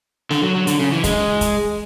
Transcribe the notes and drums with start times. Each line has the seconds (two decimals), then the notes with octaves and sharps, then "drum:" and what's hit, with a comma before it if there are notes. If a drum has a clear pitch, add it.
0.31 D3, drum: snare
0.43 F#3
0.55 F#3
0.67 D3, drum: hi-hat
0.79 C#3
0.92 E3
1.04 G#3, drum: kick, hi-hat
1.41 drum: kick, hi-hat